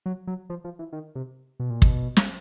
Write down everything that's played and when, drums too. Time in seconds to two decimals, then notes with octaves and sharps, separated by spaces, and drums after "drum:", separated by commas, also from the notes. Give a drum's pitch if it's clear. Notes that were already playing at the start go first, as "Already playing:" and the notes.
0.06 F#3
0.27 F#3
0.50 F3
0.64 F3
0.79 E3
0.93 D#3
1.15 C3
1.60 B2
1.70 A#2
1.82 B2, drum: kick
2.17 drum: snare